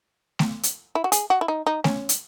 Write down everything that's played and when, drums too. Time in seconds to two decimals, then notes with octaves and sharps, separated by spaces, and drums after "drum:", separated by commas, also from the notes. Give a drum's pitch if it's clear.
0.39 drum: snare A3
0.63 drum: hi-hat
0.95 E4
1.04 F#4
1.12 G#4, drum: hi-hat
1.30 F#4
1.41 E4
1.48 D#4
1.67 D#4
1.84 C#4, drum: snare A3
2.09 drum: hi-hat